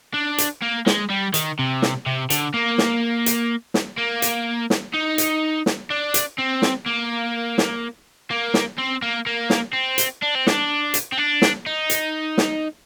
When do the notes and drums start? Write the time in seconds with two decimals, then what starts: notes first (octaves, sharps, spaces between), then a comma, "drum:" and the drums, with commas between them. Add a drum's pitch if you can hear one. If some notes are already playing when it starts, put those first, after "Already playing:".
0.14 D4
0.38 drum: hi-hat
0.62 A#3
0.86 G#3, drum: snare
1.10 G3
1.34 D#3, drum: hi-hat
1.59 C3
1.82 drum: snare
2.06 C3
2.30 D3, drum: hi-hat
2.54 A#3
2.78 drum: snare
3.26 drum: hi-hat
3.74 drum: snare
3.98 A#3
4.22 drum: hi-hat
4.70 drum: snare
4.94 D#4
5.18 drum: hi-hat
5.66 drum: snare
5.90 D4
6.14 drum: hi-hat
6.38 C4
6.62 drum: snare
6.86 A#3
7.58 drum: snare
8.30 A#3
8.54 drum: snare
8.78 C4
9.02 A#3
9.26 A#3
9.50 drum: snare
9.73 C4
9.98 drum: hi-hat
10.22 D4
10.35 C4
10.47 D4, drum: snare
10.94 drum: hi-hat
11.12 C4
11.18 D4
11.42 drum: snare
11.66 D#4
11.90 drum: hi-hat
12.38 drum: snare